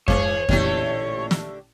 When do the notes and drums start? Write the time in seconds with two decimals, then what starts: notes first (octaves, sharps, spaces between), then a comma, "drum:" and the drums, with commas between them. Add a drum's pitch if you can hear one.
0.08 G#2 E3 G#4 C#5 F5 D6, drum: kick F2
0.49 A1 A#2 D3 E3 A3 G4, drum: kick F2
1.31 drum: snare